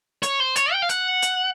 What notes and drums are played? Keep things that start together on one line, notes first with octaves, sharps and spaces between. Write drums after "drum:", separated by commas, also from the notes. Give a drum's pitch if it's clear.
C#5, drum: hi-hat
C5
C#5, drum: hi-hat
G5
F5
F#5, drum: hi-hat
drum: hi-hat